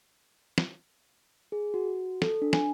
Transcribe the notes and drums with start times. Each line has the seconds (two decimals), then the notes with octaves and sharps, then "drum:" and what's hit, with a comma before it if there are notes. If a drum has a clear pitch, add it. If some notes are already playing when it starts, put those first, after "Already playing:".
0.58 drum: snare
1.52 G#4
1.74 F#4
2.22 A4, drum: snare
2.42 D4
2.53 G#5, drum: snare